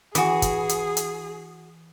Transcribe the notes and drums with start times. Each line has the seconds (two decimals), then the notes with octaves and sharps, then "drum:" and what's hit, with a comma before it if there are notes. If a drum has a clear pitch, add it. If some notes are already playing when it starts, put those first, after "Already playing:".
0.15 E3 F#4 G#4 D#6, drum: hi-hat
0.42 drum: kick, hi-hat
0.69 drum: hi-hat
0.97 drum: hi-hat